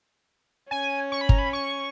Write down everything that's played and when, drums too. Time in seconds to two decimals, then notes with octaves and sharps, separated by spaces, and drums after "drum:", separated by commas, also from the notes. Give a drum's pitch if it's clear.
0.71 C#4 G#5
1.12 C#6
1.21 B5
1.29 A#5, drum: kick G1
1.38 B5
1.53 C#6